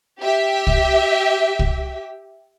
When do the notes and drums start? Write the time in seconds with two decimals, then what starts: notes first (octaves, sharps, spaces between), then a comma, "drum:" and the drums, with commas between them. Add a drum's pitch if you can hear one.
0.20 G4 E5
0.67 drum: kick
1.59 drum: kick